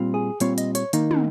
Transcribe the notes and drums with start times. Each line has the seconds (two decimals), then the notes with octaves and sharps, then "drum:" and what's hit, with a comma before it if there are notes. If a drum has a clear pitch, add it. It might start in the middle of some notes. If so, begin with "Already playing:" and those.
Already playing: A#2 G3 C4 F4
0.14 G#4
0.40 A#2 G3 C4 F4 C#5, drum: hi-hat
0.58 D#5, drum: hi-hat
0.75 C#5, drum: hi-hat
0.93 D#3 A#3 D#4, drum: hi-hat
1.11 drum: tom